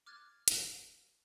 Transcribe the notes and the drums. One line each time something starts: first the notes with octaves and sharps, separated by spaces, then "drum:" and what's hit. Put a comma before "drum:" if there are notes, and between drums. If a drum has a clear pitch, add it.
D6 F6 F#6 G#6 A6
drum: hi-hat